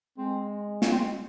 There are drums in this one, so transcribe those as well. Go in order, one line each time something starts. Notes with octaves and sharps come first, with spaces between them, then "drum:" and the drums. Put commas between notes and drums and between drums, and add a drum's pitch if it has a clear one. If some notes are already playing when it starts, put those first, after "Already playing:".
G#3 C4
C#4, drum: snare
C4
G#3